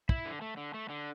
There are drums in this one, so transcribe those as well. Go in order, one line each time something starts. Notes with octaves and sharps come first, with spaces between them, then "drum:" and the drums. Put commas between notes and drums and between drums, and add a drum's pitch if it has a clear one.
E4, drum: kick
D3
A3
D3
A3
D3